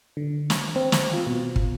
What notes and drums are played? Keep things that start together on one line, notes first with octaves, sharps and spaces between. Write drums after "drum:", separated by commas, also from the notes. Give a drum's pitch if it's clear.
D3
drum: snare
C4
drum: snare
F4
B2
drum: kick